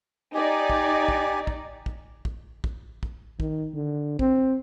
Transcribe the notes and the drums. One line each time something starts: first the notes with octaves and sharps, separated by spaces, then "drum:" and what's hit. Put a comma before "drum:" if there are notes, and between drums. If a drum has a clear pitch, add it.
D#4 G4 D5 G#5
drum: kick
drum: kick
drum: kick
drum: kick
drum: kick
drum: kick
drum: kick
D#3, drum: kick
D3
C4, drum: kick